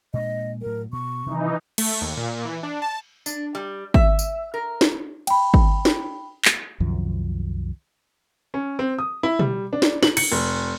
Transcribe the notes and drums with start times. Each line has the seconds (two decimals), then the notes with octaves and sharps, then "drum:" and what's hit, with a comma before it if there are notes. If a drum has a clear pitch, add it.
0.14 A#2 G#3 D4 D#5
0.61 A2 F#3 A#4
0.93 B2 C#6
1.26 C3 D#3 E3 F#3 D#4
1.78 A3, drum: cymbal
2.01 D#2
2.17 A#2
2.45 E3
2.63 D4
2.82 A5
3.26 D4, drum: tambourine
3.55 G3
3.94 E5, drum: kick G#1
4.19 drum: tambourine
4.54 A#4
4.81 drum: snare
5.27 G5 B5, drum: cymbal
5.54 drum: kick G#1
5.85 drum: snare
6.45 drum: clap
6.80 C2 F#2 D#3 F3
8.54 C#4
8.79 C4
8.99 D#6
9.23 E4
9.39 G3, drum: tom B2
9.73 D4
9.82 drum: snare
10.03 F#7, drum: snare
10.17 C#7, drum: cymbal
10.32 F1